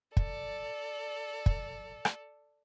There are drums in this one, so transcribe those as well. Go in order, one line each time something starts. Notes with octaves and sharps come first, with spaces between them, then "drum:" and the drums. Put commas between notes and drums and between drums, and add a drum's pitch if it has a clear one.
A4 D5, drum: kick
drum: kick
drum: rim click